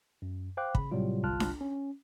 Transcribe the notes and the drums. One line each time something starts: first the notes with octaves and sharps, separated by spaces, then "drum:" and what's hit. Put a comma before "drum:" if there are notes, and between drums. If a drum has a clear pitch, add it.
F#2
C5 F5 G5 D6 F#6
C#3 B5, drum: kick
A2 C3 F#3 G3 F4
G1 C2 F4 A5 F6 F#6
drum: snare D4
C#4